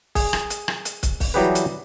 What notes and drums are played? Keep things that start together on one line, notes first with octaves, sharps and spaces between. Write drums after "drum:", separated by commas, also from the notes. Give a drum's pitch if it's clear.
G#4, drum: kick, open hi-hat
drum: rim click
drum: hi-hat
drum: rim click
drum: hi-hat
drum: kick, hi-hat
drum: kick, open hi-hat
E3 F#3 G3 G4 G#4 B4
drum: hi-hat